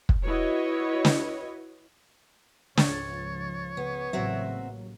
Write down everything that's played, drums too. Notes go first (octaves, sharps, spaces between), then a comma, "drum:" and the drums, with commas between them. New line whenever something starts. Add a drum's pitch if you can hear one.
drum: kick
E4 F#4 B4 C#5 D#5
drum: snare
C#2 G#2 F3 C#5 A6, drum: snare
C#3 B3
A1 C#3 F#3 A#3 C4 F#4 E5